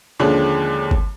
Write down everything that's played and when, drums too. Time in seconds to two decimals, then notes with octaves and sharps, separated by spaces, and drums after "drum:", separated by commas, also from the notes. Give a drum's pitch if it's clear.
0.19 D#2 D3 F3 G#3 C#4
0.91 drum: kick G1